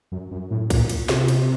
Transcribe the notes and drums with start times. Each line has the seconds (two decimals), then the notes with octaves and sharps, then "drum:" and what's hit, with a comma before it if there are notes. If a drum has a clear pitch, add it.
0.12 F#2
0.31 F#2
0.51 A2
0.70 A#2, drum: kick B1, cymbal
0.89 drum: cymbal
1.09 C3, drum: snare
1.28 drum: cymbal